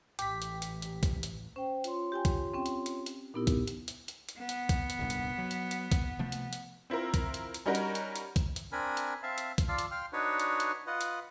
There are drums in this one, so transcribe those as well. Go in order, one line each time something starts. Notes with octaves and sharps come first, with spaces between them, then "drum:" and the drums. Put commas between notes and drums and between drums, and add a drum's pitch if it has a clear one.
A1 G4 B6, drum: hi-hat
drum: hi-hat
drum: hi-hat
drum: hi-hat
drum: kick, hi-hat
drum: hi-hat
C#4 C5 G5
F4 C#5 C6, drum: hi-hat
G4 G5 G#5
drum: kick, hi-hat
C4 C#4 G5
drum: hi-hat
drum: hi-hat
drum: hi-hat
A#2 B3 D#4 E4 G4 A#4
drum: kick, hi-hat
drum: hi-hat
drum: hi-hat
drum: hi-hat
drum: hi-hat
B3
drum: hi-hat
drum: kick, hi-hat
drum: hi-hat
D#1 C2 G2
drum: hi-hat
F#3
drum: hi-hat
drum: hi-hat
drum: kick, hi-hat
C3 F3 A3
drum: hi-hat
drum: hi-hat
C4 E4 F4 A#4
drum: kick, hi-hat
drum: hi-hat
drum: hi-hat
G3 C#4 D#4 F#4 A#4
drum: hi-hat
drum: hi-hat
drum: hi-hat
drum: kick, hi-hat
drum: hi-hat
C4 D4 A#4 G#5 B5
drum: hi-hat
C4 E5 F5 A5
drum: hi-hat
drum: kick, hi-hat
F4 D5 F5 A5 E6
drum: hi-hat
F5 G5 C6 F6
D4 D#4 F#4 B4 C#5
drum: hi-hat
drum: hi-hat
F4 B4 D#5 F#5
drum: hi-hat